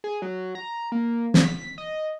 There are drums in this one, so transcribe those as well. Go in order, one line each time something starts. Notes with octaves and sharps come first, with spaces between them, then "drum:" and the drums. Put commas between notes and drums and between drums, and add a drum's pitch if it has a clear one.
G#4
F#3
A#5
A#3
drum: snare
B6
D#5